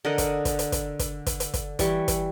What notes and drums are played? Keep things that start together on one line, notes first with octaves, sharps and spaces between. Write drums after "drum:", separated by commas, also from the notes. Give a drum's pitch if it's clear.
D3 A#4 D#5 F#5
drum: kick, hi-hat
drum: kick, hi-hat
drum: hi-hat
drum: kick, hi-hat
drum: kick, hi-hat
drum: kick, hi-hat
drum: hi-hat
drum: kick, hi-hat
E3 G3 C#6, drum: kick, hi-hat
drum: kick, hi-hat